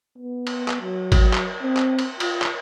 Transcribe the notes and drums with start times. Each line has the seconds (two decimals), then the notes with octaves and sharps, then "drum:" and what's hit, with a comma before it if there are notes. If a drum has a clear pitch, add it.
0.18 B3
0.47 drum: cymbal
0.68 drum: clap
0.81 F#3
1.12 drum: kick G#1, cymbal
1.33 drum: clap
1.63 C4
1.77 drum: clap
1.99 drum: cymbal
2.20 F4, drum: cymbal
2.42 drum: clap